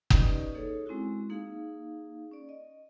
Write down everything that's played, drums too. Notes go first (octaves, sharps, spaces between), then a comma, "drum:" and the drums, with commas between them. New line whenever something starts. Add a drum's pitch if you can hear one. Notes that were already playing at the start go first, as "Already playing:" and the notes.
C#4 D#4 G4 B4 D5 D#5, drum: kick F#1
A#3 D#4 G#4 A4 C#5
G#3 C4 C#4 E4 F#4
A#3 D#4 G#4 F5
C#4 D5
D#5